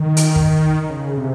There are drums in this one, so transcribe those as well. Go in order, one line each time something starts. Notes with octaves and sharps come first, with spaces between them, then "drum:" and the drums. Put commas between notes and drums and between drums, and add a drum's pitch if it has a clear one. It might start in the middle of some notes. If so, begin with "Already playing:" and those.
Already playing: D#3
drum: hi-hat
drum: kick
C#3
C3